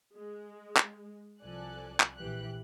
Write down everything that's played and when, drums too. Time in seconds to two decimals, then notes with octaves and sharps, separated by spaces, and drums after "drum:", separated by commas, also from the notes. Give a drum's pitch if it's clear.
0.15 G#3
0.76 drum: clap
1.43 C2 F3 A4 D5 G#5 F#6
2.00 drum: clap
2.17 A#1 E3 G4 F#6